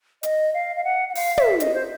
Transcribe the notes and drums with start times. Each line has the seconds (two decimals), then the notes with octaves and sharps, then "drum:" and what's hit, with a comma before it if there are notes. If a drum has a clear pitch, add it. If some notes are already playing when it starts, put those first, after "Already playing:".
0.23 D#5, drum: hi-hat
0.54 F5
0.76 F5
0.84 F#5
1.09 F#5
1.15 F5, drum: open hi-hat
1.38 E5, drum: tom
1.60 D#5, drum: hi-hat
1.74 C5